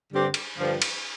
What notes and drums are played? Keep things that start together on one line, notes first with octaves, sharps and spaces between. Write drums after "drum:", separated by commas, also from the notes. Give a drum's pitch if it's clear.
G2 D3 G3 C4 G4
drum: cymbal
G2 D3 F3
drum: cymbal